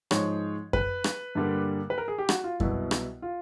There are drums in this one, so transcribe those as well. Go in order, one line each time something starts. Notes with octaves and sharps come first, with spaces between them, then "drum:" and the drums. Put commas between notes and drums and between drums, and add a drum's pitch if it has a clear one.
G#2 F3 G#3 C#5, drum: rim click
B4, drum: kick F#2
drum: rim click
G2 D3 G3 A#3
B4
A#4
G#4
G4
F#4, drum: rim click
F4
C2 B2 F#3 B3 E4, drum: kick F#2
drum: rim click
F4